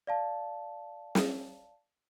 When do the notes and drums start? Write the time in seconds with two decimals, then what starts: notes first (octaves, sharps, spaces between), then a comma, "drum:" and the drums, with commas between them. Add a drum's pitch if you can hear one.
0.07 D5 F5 A5
1.15 drum: snare